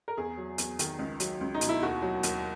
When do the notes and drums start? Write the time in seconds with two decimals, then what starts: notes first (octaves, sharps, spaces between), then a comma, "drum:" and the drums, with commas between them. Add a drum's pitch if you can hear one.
0.08 A#4
0.17 E2 G#4
0.37 F#3
0.58 E2, drum: hi-hat
0.79 D#3, drum: hi-hat
0.99 C#2
1.20 F#3, drum: hi-hat
1.41 C#2
1.54 D#4
1.61 B2, drum: hi-hat
1.69 E4
1.83 D#2 F#4
2.02 F#3
2.23 D#2, drum: hi-hat